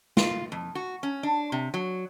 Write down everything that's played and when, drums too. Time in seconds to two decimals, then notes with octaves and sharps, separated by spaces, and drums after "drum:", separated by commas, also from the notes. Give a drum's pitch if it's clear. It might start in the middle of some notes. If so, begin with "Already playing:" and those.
0.17 F4, drum: snare
0.52 F2
0.75 F#4
1.03 C#4
1.23 D4
1.52 C3
1.74 F#3